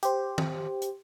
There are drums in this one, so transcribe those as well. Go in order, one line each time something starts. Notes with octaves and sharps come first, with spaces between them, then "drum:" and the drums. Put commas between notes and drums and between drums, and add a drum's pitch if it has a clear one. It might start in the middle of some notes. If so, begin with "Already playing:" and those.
G4 C5, drum: hi-hat
drum: tom
drum: hi-hat